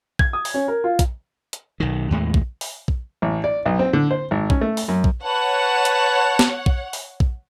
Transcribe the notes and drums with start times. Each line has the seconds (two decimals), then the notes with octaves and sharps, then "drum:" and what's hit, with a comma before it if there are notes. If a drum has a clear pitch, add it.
0.19 G#6, drum: kick A#1
0.33 D#6
0.45 drum: open hi-hat
0.54 C#4
0.68 A#4
0.84 F4
0.99 drum: kick A#1, hi-hat
1.53 drum: hi-hat
1.80 B1 D#3
2.11 D#2 A2 G#3
2.34 drum: kick A#1
2.61 drum: open hi-hat
2.88 drum: kick A#1
3.22 A1
3.44 D5
3.66 B1
3.79 C4
3.93 D3
4.11 C5
4.31 G#1
4.50 C#4, drum: kick A#1
4.61 A3
4.77 drum: open hi-hat
4.88 F#2
5.04 drum: kick A#1
5.24 B4 C#5 F#5 A5
5.85 drum: hi-hat
6.39 drum: snare
6.66 drum: kick A#1
6.93 drum: open hi-hat
7.20 drum: kick A#1